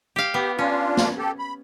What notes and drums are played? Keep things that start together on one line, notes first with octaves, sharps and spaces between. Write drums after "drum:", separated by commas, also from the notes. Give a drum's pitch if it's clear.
G4 F5
B3 G4
C#4 D4 F4
drum: snare
G4 A4
B5